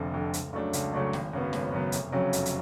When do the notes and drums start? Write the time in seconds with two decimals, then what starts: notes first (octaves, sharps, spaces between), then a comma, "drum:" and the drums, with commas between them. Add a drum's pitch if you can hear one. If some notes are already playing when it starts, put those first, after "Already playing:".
Already playing: F1 F2 D3
0.14 F2 D3
0.33 C#2, drum: hi-hat
0.53 C#3 F#3 A3 D4
0.73 C#2, drum: hi-hat
0.94 C#3 F#3 A3 D4
1.13 G#1, drum: snare
1.33 F#2 C#3 F#3 B3
1.53 G#1, drum: snare
1.72 F#2 C#3 F#3 B3
1.92 F1, drum: hi-hat
2.12 F2 C#3 F#3 C#4
2.33 F1, drum: hi-hat
2.46 drum: hi-hat